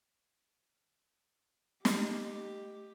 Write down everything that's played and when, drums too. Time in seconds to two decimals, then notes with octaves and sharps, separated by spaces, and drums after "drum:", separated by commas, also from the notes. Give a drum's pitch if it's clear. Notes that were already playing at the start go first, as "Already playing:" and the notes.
1.85 A3 G4, drum: snare